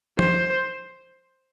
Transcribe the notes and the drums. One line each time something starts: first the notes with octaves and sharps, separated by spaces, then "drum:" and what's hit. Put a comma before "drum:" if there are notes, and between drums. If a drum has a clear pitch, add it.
C5, drum: tom